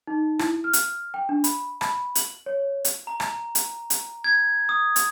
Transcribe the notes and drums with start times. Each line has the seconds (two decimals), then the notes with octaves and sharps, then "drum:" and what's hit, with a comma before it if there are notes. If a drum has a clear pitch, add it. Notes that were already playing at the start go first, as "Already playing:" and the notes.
0.07 D#4
0.39 E4, drum: rim click
0.64 F6
0.73 drum: hi-hat
1.14 G5
1.29 D4
1.44 B5, drum: hi-hat
1.81 B5, drum: rim click
2.15 F#7, drum: hi-hat
2.46 C#5
2.85 drum: hi-hat
3.07 A#5
3.20 drum: rim click
3.55 drum: hi-hat
3.90 drum: hi-hat
4.24 G#6
4.69 D#6
4.96 drum: hi-hat